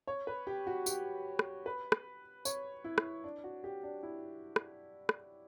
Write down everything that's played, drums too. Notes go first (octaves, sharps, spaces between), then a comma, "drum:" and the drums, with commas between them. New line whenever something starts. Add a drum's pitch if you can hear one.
C#5
B4
G4
F#4
G4, drum: tambourine
drum: rim click
B4
drum: rim click
C#5, drum: tambourine
E4
drum: rim click
D4
F#4
G4
D4
E4
drum: rim click
drum: rim click